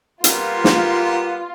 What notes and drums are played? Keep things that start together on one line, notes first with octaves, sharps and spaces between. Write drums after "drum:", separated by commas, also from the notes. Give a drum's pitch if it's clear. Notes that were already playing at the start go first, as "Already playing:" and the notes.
G3 A#3 B3 F4, drum: hi-hat
drum: snare